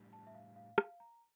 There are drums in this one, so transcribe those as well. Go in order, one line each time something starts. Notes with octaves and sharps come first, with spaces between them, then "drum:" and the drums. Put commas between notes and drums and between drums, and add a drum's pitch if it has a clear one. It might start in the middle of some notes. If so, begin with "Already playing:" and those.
Already playing: A2 G3 D4
A5
E5
F5
F5
F5, drum: rim click
A#5